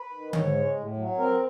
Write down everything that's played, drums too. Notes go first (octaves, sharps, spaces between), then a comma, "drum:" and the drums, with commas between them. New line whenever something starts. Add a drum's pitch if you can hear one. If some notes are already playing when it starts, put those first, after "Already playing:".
Already playing: B4
D#3
G#2 C#5, drum: tom D3
G#3
A2
F#3
C4 A#4